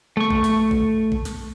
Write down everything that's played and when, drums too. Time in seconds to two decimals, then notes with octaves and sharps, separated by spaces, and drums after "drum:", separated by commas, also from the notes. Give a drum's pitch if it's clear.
0.17 A3 C#6
0.30 drum: kick A#1
0.44 drum: snare
0.71 drum: kick A#1
1.12 drum: kick A#1
1.25 drum: snare